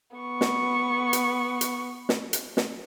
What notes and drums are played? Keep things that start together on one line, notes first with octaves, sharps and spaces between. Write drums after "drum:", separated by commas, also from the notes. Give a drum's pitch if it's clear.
B3 C#6
drum: snare
drum: hi-hat
drum: hi-hat
drum: snare
drum: hi-hat
drum: snare